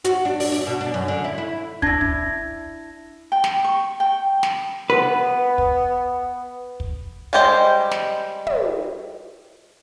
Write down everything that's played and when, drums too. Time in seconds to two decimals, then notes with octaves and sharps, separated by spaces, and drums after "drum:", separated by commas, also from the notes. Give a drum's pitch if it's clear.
0.04 F#4, drum: hi-hat
0.25 D4
0.40 D5, drum: open hi-hat
0.52 D5
0.67 B2
0.81 D4
0.94 F#2
1.08 D3
1.24 E4
1.38 E4
1.82 D4 E4 G#6 A#6, drum: kick
2.01 drum: kick
3.32 G5
3.44 drum: snare
3.64 C#6
4.00 G5
4.43 drum: snare
4.90 B3 B4
5.58 drum: kick
6.80 drum: kick
7.33 G3 G#3 G4 C5 D#5
7.91 drum: snare
8.47 drum: tom